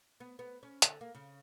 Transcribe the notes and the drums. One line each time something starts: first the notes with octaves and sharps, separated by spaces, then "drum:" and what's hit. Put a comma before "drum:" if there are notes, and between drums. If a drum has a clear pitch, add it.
B3
B3
C#4
D3, drum: hi-hat
A#3
C#3